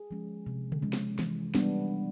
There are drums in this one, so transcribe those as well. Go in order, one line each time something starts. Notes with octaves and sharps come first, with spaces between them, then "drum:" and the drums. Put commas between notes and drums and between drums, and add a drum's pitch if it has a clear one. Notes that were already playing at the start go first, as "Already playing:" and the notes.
Already playing: G#4
F3 G#3 C#4
C3
drum: tom C#3
F3 G#3 C#4
drum: snare
E3, drum: snare
G3 B3 D4, drum: snare